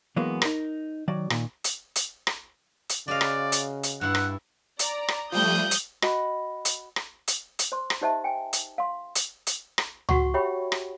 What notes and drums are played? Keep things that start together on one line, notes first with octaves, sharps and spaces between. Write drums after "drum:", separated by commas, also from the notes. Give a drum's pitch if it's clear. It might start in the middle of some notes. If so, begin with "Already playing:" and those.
E3 F#3 G#3 A#3 B3
D#4 A#4, drum: rim click
D#3 F#3 D5
A#2 D#3, drum: rim click
drum: hi-hat
drum: hi-hat
drum: rim click
drum: hi-hat
C#3 F#4 D5 D#5 F5
drum: rim click
drum: hi-hat
drum: hi-hat
G2 E4 F#5
drum: rim click
D5 A#5, drum: hi-hat
drum: rim click
F3 G3 A3 D#6 F#6 G6
drum: hi-hat
F#4 D#5 B5, drum: rim click
drum: hi-hat
drum: rim click
drum: hi-hat
drum: hi-hat
C5 C6
drum: rim click
D#4 G4 C5 D#5 E5 A5
G5 G#5
drum: hi-hat
F5 C6
drum: hi-hat
drum: hi-hat
drum: rim click
F#4 F#5 C#6, drum: tom C#2
G4 C#5 E5 G5 B5
drum: rim click